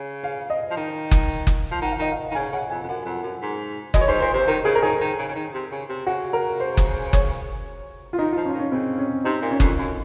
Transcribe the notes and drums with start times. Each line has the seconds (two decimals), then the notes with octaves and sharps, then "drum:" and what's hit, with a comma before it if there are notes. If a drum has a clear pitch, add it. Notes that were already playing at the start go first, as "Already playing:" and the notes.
Already playing: C#3
0.24 F5
0.50 D#5
0.71 F3
0.77 D#3
1.11 drum: kick F#1
1.47 drum: kick F#1
1.71 F3
1.82 D#3 F#5
1.91 F5
1.99 D#3 D#5
2.11 F5
2.31 D#3
2.35 C#3 G#5
2.52 C#3 F#5
2.70 F2 G#5
2.83 F2
2.88 F#2 F#5
3.05 F2
3.23 F#2
3.42 G#2
3.94 F#2 D#5, drum: kick F#1
4.01 C#5
4.08 G#2 C5
4.20 A#2 C5
4.34 C3 C5
4.47 D#3 A#4
4.65 C#3 G#4
4.75 A#4
4.83 D#3 G#4
5.01 D#3
5.18 C#3
5.29 C#3
5.35 D#3
5.54 C3
5.71 C#3
5.89 C3
6.06 C#3 F#4
6.33 A#4
6.60 C5
6.77 drum: kick F#1
7.13 C#5, drum: kick F#1
8.13 F4
8.18 D#3 D#4
8.33 F4
8.37 F3
8.45 C#4
8.54 D#3
8.59 C#4
8.72 C#3 C4
8.98 C#4
9.24 C3 D#4
9.42 A#2
9.51 C#4
9.60 F2, drum: kick F#1
9.79 F#2